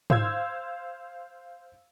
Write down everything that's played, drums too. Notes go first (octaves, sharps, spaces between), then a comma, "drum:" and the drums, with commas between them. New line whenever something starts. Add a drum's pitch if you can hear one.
C5 F5 E6 G#6, drum: tom G#2